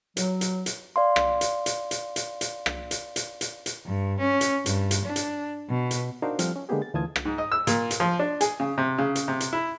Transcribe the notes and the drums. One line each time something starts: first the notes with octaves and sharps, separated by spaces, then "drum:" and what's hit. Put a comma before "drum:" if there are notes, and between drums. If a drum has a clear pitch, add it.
F#3, drum: hi-hat
drum: hi-hat
drum: hi-hat
D5 F5 C6
drum: rim click
drum: hi-hat
drum: hi-hat
drum: hi-hat
drum: hi-hat
drum: hi-hat
drum: rim click
drum: hi-hat
drum: hi-hat
drum: hi-hat
drum: hi-hat
G2
C#4
drum: hi-hat
G2, drum: hi-hat
drum: hi-hat
D4
drum: hi-hat
B2
drum: hi-hat
D4 D#4 F#4 A#4 C5 F5
F3 G3 C4 A4 F6, drum: hi-hat
C#4
D3 G#3 A#3 B3 G4 G#4
A6
D2 E3 F4 A5 D#6 G#6
drum: rim click
G#2
D#5
E6
A#2, drum: hi-hat
drum: hi-hat
F3
D4
G#4, drum: hi-hat
C#3
C3
C#3
drum: hi-hat
C3
drum: hi-hat
E4